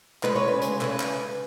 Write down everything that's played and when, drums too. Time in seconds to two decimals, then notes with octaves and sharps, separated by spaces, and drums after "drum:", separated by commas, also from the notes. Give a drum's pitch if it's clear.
0.23 G#3 B4, drum: clap
0.35 C#5
0.43 C#3 B4
0.62 G#3, drum: hi-hat
0.81 C#3 B4, drum: clap
1.00 drum: clap